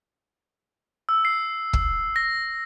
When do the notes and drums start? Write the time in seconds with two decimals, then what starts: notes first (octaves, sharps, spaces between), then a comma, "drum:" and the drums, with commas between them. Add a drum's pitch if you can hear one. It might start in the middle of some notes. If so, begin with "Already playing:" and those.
1.09 E6
1.25 C7
1.73 drum: kick
2.16 A#6